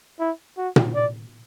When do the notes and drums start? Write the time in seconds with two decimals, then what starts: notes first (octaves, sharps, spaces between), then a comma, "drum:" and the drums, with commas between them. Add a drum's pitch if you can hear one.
0.20 E4
0.57 F#4
0.76 drum: tom A#2
0.95 D5